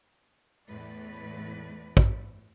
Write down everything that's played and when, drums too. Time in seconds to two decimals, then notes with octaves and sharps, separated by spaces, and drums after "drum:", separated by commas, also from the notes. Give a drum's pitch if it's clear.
0.66 E2 A2 B4 D5
1.97 drum: kick